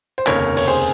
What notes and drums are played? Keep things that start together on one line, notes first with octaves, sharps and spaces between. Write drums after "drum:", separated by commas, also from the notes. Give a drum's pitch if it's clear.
C5
F1 D#2 C#3 A#4 C#5, drum: clap
C#5, drum: open hi-hat
G#4 C5